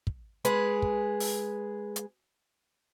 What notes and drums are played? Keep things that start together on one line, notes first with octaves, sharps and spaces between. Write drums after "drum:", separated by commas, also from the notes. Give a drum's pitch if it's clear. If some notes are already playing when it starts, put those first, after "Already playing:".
drum: kick
G#3 G#4 B4, drum: hi-hat
drum: kick
drum: open hi-hat
drum: hi-hat